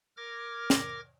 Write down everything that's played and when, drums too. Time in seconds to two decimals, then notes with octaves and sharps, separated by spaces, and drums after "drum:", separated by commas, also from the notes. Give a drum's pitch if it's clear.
0.17 A#4 D6 F6 G#6 A#6
0.70 drum: snare